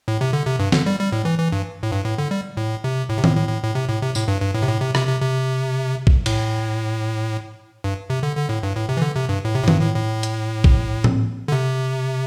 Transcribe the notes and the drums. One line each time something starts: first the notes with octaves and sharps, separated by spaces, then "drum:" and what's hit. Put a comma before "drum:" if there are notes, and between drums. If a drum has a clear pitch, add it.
A2
C3
D3
C3
G2
D3, drum: snare
G3
G3
A2
E3
E3
G2
A2
G2
A2
D3
G3
A2
C3
A2
C3
A2, drum: tom D#3
A2
A2
A2
C3
A2
C3
A2, drum: tambourine
G2
G2
A2
C3
A2
C3
C3, drum: rim click
C3
C3
drum: kick
A2, drum: cymbal
G2
C3
D3
D3
A2
G2
A2
C3
E3
D3
C3
G2
A2
C3
A2
G2, drum: tom D#3
A2
A2
drum: hi-hat
drum: kick
drum: tom A2
D3
C3